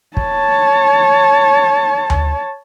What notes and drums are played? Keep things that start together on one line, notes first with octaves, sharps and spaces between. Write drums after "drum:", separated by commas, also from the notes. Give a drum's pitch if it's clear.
C#5 A5, drum: kick
drum: tom D2